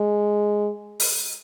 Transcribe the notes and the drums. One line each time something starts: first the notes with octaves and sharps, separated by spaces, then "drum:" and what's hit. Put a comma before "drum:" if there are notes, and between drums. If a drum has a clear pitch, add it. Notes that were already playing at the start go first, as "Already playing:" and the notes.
Already playing: G#3
drum: open hi-hat